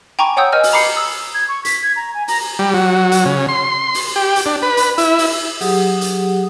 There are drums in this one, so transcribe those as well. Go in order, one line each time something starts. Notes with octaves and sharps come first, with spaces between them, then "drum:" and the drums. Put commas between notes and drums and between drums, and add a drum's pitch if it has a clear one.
G5 G#5 A#5 B5 C#6 D6
C#5 F#5 G5 D#6 E6 G6
B4 D#5 G#5 F6 G6
drum: open hi-hat
A#5 B5 D6 C7 C#7
D#6 E6
G#6
C#6
B6, drum: hi-hat
G#6
A#5
G#5
A#5, drum: open hi-hat
G3
F#3
drum: hi-hat
C#3
C6
drum: open hi-hat
G4
drum: hi-hat
D4
B4
drum: hi-hat
E4, drum: hi-hat
drum: open hi-hat
F#3 G4 G#4 F#5 D#6, drum: open hi-hat
drum: hi-hat